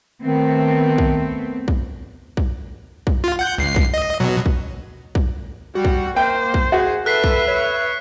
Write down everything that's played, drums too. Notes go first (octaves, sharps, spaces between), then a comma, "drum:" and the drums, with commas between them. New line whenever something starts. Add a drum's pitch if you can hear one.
D#3 A3 B3 C4
drum: kick B1
drum: kick B1
drum: kick B1
drum: kick B1
F4
F#5 G6
C#2 C7
drum: kick B1
D#5
B2 F#3
drum: kick B1
drum: kick B1
G3 F#4
drum: kick B1
A#3 C5 G5
drum: kick B1
F#4 G#4
A4 B4 E5 F#6 B6 C7
drum: kick B1
C#5